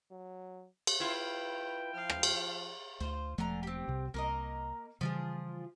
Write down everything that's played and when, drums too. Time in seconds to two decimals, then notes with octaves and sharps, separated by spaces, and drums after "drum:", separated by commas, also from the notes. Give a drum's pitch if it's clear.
0.11 F#3
0.87 drum: cymbal
1.00 E4 F4 B4 G5
1.95 F3 F5
2.10 drum: rim click
2.23 drum: cymbal
3.00 D2 F4 C5
3.38 E1 D3 F3 A3 G#5 A#5
3.63 C4 G4
3.88 C2 C3
4.14 C2 A#3 A#4 D#5
5.01 C#3 E3 F3 G3 F4 G#4